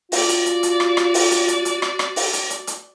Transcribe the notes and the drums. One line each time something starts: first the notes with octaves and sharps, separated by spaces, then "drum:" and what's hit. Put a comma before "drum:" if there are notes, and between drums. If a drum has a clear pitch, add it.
F4 F#4 D5, drum: open hi-hat
drum: hi-hat
drum: hi-hat
drum: hi-hat
drum: rim click
drum: rim click
drum: open hi-hat
drum: hi-hat
drum: hi-hat
drum: hi-hat
drum: rim click
drum: rim click
drum: open hi-hat
drum: hi-hat
drum: hi-hat
drum: hi-hat